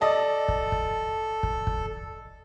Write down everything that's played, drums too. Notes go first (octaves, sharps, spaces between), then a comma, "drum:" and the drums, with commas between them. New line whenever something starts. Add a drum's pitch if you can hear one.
A4 D5 D#5 A5
drum: kick
drum: kick
drum: kick
drum: kick